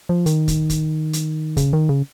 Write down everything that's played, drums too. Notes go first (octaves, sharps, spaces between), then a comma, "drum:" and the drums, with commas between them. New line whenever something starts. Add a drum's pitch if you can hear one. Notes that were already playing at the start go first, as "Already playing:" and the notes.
F3
D#3, drum: hi-hat
drum: kick, hi-hat
drum: kick, hi-hat
drum: hi-hat
C#3, drum: kick, hi-hat
D#3
C#3